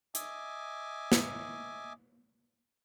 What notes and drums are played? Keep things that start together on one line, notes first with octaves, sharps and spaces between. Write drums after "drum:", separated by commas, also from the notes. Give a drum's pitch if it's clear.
D#5 E5 G#5 D6, drum: hi-hat
drum: snare